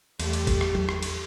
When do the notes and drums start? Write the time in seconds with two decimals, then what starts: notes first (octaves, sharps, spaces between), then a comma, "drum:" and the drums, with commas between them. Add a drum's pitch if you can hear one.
0.20 E2 G3 A3 G4, drum: cymbal
0.33 drum: cymbal
0.47 drum: kick, cymbal
0.61 drum: rim click
0.75 drum: tom F#3
0.89 drum: rim click
1.03 drum: cymbal